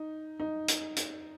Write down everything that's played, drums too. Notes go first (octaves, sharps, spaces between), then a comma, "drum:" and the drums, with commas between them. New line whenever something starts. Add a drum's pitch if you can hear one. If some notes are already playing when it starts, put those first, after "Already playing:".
Already playing: D#4
D#4
drum: hi-hat
drum: hi-hat